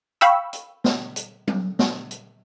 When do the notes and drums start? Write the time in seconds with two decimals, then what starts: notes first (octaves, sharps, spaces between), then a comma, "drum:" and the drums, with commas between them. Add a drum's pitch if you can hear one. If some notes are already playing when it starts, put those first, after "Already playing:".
0.21 F5 G5 B5 C#6 E6, drum: hi-hat
0.53 drum: hi-hat
0.84 drum: snare
1.16 drum: hi-hat
1.48 drum: tom F#3
1.79 drum: snare
2.11 drum: hi-hat